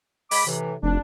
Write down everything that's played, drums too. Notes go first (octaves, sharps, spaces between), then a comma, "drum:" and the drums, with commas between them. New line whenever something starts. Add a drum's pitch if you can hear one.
G#3 B5 D6, drum: open hi-hat
A2 C3 E3
F1 D4